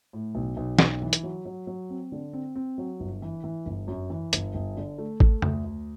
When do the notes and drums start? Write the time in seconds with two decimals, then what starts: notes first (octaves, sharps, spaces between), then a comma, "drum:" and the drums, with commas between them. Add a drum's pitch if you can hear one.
0.13 A2
0.35 B1
0.57 B1
0.79 B1, drum: snare
1.02 E3
1.13 drum: hi-hat
1.23 F#3
1.45 F#3
1.67 F#3
1.90 C4
2.12 D3
2.33 C4
2.56 C4
2.78 F#3
3.00 G1
3.22 E3
3.44 E3
3.66 G1
3.87 F#2
4.10 E3
4.33 G1, drum: hi-hat
4.55 G1
4.77 D3
4.98 A3
5.20 A3, drum: kick G#1
5.42 D2, drum: tom
5.64 D2